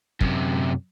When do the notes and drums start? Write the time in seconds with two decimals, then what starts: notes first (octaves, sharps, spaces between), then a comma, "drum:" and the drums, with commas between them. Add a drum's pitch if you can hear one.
0.21 F#2 C3, drum: kick